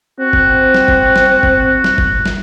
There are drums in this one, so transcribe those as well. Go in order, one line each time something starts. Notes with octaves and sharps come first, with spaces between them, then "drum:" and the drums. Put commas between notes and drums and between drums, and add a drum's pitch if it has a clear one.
C4 F#4
drum: kick G1
drum: snare
drum: kick G1
drum: snare
drum: kick G1
drum: snare
drum: kick G1
drum: snare